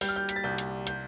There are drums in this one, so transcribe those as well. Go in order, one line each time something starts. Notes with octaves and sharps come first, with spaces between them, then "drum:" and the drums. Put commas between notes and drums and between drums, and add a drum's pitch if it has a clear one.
G3 G6, drum: open hi-hat
F6
G6
B6, drum: hi-hat
A6
C2 G6
drum: hi-hat
G6, drum: hi-hat